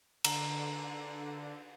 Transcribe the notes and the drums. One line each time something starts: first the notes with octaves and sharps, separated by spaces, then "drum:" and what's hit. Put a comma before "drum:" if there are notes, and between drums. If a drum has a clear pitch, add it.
D3 A#5, drum: cymbal